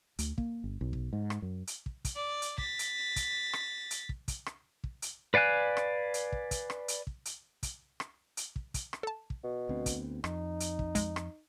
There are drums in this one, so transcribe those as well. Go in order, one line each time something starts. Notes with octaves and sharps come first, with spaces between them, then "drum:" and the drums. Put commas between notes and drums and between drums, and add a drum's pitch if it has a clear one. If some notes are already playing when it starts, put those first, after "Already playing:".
D2, drum: hi-hat
A#3, drum: kick
G1
B1
drum: kick
G#2
drum: rim click
F#2
drum: hi-hat
drum: kick
drum: kick, hi-hat
D5
drum: hi-hat
A6 B6, drum: kick
drum: hi-hat
drum: kick, hi-hat
drum: rim click
drum: hi-hat
drum: kick
drum: kick, hi-hat
drum: rim click
drum: kick
drum: hi-hat
B4 D5 F5 G#5 F#6
drum: rim click
drum: hi-hat
drum: kick
drum: kick, hi-hat
drum: rim click
drum: hi-hat
drum: kick
drum: hi-hat
drum: kick, hi-hat
drum: rim click
drum: hi-hat
drum: kick
drum: kick, hi-hat
drum: rim click
A4 A5
drum: kick
B2
D2 B3 C4
drum: kick, hi-hat
F2 D#4, drum: rim click
drum: hi-hat
drum: kick
G#3, drum: kick, hi-hat
drum: rim click